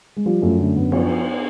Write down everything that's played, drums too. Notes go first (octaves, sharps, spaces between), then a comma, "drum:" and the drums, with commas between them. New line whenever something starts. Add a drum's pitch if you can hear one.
G#3
F3 G3
F#2 A3
D3 A3
F#2 B3
F3 B3, drum: cymbal